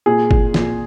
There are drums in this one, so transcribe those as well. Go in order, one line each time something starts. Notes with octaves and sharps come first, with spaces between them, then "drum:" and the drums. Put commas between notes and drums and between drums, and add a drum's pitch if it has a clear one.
A#2 G#4
A#2, drum: kick G1
A#2, drum: snare